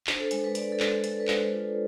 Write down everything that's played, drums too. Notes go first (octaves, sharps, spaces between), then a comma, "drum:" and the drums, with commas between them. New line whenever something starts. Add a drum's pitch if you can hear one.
D4 C5, drum: clap
A4
G#3 A4, drum: hi-hat
B4
G#3 D5, drum: hi-hat
A4
G#3, drum: clap
A4
G#3 A4, drum: hi-hat
B4
G#3, drum: clap
C5
F4